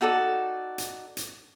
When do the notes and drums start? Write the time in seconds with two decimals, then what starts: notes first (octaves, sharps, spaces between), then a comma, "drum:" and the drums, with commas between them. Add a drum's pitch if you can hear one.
0.01 D#4 F#4 A4 D5
0.78 drum: hi-hat
1.17 drum: hi-hat